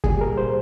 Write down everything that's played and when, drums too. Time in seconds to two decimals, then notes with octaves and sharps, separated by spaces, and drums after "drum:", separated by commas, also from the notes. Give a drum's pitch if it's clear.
0.04 C2 A#2 G3 G#4, drum: kick
0.21 A#4
0.38 C5